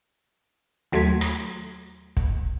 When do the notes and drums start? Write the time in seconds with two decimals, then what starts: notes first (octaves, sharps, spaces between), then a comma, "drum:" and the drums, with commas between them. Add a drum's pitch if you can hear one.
0.92 D#2 F#3 A3 C6 G#6 B6
1.21 drum: rim click
2.17 drum: kick